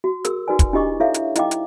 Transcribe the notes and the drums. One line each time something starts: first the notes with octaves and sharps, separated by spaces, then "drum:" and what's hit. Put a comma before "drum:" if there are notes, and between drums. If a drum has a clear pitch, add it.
F#4
G#4 A#4 E6, drum: hi-hat
D#4 F#4 B4 D5 G#5
drum: kick, hi-hat
D4 E4 G4 D#5 C#6 D6
D#4 E4 A4 C#5 E5 F5
drum: hi-hat
D#4 E4 D#5 F5 G5 D6, drum: hi-hat
drum: hi-hat